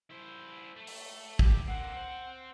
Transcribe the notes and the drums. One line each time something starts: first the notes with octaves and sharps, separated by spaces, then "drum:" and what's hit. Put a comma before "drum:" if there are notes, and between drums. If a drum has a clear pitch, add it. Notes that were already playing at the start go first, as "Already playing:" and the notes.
E4 C5
A3
drum: open hi-hat
G2 G4, drum: kick
A#3 C4 F#5
C4 C5